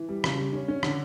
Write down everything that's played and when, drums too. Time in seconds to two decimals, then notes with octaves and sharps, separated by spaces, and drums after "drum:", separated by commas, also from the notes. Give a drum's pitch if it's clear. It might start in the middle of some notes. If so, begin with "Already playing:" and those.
Already playing: E3
0.09 G3
0.24 C#3, drum: rim click
0.38 G3
0.53 C#4
0.68 C#4
0.83 D3, drum: rim click